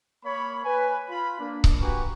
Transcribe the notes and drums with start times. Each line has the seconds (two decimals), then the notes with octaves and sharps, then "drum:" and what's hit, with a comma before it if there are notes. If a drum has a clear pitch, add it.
0.24 A#3 C#5 B5
0.64 B4 G#5
1.09 F4 B5
1.39 A#3 D4
1.64 drum: kick C#1
1.81 F#4 G4 B4 G#5 A#5 C#6